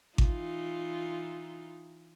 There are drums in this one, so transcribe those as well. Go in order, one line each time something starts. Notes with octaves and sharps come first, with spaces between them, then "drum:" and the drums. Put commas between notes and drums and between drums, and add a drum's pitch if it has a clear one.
E3 D#4 F4, drum: kick G#1